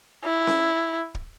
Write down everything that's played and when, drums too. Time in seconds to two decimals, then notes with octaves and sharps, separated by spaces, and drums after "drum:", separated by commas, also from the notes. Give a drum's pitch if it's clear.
0.24 E4
0.47 drum: snare C#4
1.15 drum: kick